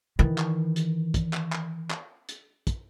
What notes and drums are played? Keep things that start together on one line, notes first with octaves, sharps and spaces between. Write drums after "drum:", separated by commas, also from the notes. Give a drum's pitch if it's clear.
D#3 E3
drum: clap
drum: hi-hat
drum: kick, hi-hat
drum: clap
drum: clap
drum: clap
drum: hi-hat
drum: kick, hi-hat